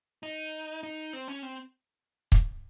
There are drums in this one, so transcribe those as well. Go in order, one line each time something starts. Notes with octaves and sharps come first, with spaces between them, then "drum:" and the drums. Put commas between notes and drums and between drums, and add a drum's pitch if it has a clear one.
D#4
D#4
C4
C#4
C4
drum: kick